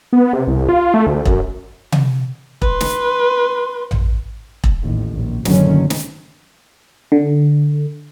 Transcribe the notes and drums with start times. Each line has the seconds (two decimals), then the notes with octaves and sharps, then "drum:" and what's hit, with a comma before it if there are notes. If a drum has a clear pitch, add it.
0.13 B3
0.33 C3
0.48 C2
0.69 F4
0.94 A3
1.07 D2
1.25 F#2, drum: kick E1
1.92 drum: tom C3
2.62 B4 C6, drum: kick E1
2.81 drum: snare
3.91 drum: tom A1
4.64 drum: kick E1
4.81 A1 D#2 A2
5.14 A#1
5.45 F#1 B2 D3 D#3 F#3 C#4, drum: snare
5.90 drum: snare
7.12 D3